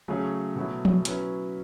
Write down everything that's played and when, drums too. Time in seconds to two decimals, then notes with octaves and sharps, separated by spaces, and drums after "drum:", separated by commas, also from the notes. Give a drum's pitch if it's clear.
0.08 C#3 F#3 A3 C#4 G#4
0.56 B2 F#3 A3 E4
0.85 drum: tom F3
1.05 F#3 C#4 E4 B4, drum: hi-hat